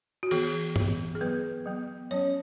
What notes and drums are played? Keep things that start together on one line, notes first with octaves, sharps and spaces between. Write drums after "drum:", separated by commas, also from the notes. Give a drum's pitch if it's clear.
F#4
E3 B3 G#4, drum: cymbal
E3 B3, drum: tom G2
G#4
F#3 B3 B4
F#3 B3
F#3 C#4 C#5